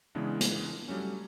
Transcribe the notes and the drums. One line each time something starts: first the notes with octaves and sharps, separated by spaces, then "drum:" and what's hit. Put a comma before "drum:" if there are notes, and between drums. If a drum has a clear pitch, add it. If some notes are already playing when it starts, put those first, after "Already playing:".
C#3 E3 G#3 B3 D4
drum: hi-hat
F#3 G3 A3 C#4